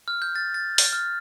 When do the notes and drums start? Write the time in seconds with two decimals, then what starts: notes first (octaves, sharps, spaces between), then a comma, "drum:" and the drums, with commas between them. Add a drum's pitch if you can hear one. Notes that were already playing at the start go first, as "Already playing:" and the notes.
0.08 F6
0.22 G6
0.36 A6
0.54 A6
0.78 drum: open hi-hat
0.93 F6